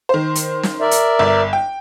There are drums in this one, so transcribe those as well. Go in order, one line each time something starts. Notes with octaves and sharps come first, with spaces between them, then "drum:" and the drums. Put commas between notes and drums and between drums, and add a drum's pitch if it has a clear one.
D#3 C5
drum: hi-hat
drum: snare
A#4 D5 E5
drum: hi-hat
G1
G5